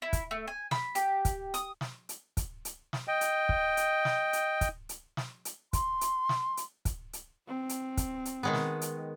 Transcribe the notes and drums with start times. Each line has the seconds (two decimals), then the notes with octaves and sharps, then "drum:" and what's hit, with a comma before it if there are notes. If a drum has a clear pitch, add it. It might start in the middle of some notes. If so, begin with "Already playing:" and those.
0.02 E4
0.13 drum: kick, hi-hat
0.31 A3
0.48 G#5
0.71 B5, drum: snare
0.95 G4, drum: hi-hat
1.25 drum: kick, hi-hat
1.54 D#6, drum: hi-hat
1.81 drum: snare
2.09 drum: hi-hat
2.37 drum: kick, hi-hat
2.65 drum: hi-hat
2.93 drum: snare
3.08 D#5 G5
3.21 drum: hi-hat
3.49 drum: kick
3.77 drum: hi-hat
4.05 drum: snare
4.33 drum: hi-hat
4.61 drum: kick, hi-hat
4.89 drum: hi-hat
5.17 drum: snare
5.45 drum: hi-hat
5.73 C6, drum: kick, hi-hat
6.01 drum: hi-hat
6.29 drum: snare
6.57 drum: hi-hat
6.85 drum: kick, hi-hat
7.13 drum: hi-hat
7.48 C4
7.69 drum: hi-hat
7.97 drum: kick, hi-hat
8.25 drum: hi-hat
8.43 D#3 G#3 B3
8.53 drum: snare
8.81 drum: hi-hat